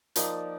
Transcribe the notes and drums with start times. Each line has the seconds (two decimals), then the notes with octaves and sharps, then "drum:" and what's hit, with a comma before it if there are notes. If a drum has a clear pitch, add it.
0.16 F3 A#3 D#4 D5, drum: hi-hat